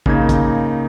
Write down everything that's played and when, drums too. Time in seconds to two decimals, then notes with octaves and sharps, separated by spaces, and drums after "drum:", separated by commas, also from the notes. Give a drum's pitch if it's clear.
0.06 C#3 A#3 D#4 G#6, drum: kick
0.29 drum: kick, hi-hat